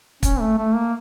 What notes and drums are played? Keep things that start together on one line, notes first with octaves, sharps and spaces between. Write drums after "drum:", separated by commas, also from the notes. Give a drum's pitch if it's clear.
C#4, drum: kick, hi-hat
A3
A3
A#3